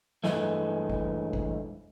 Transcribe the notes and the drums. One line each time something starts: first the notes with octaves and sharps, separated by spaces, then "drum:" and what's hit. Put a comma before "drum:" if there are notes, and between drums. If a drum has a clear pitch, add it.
G2 E3 G#3 A3, drum: snare
drum: kick G#1
drum: kick G#1